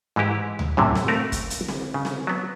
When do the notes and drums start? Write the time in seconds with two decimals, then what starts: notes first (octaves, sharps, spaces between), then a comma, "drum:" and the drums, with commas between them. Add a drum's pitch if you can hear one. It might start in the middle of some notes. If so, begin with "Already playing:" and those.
0.16 G#2 E3 G#3 E4 G4
0.59 drum: tom D2
0.77 F#2 A2 C3 E3
0.96 drum: snare C4
1.08 A3 C4 F#4 A#4 F5
1.32 drum: kick, hi-hat
1.50 drum: hi-hat
1.68 drum: snare C4
1.94 C#3
2.05 drum: snare C4
2.27 F#3 B3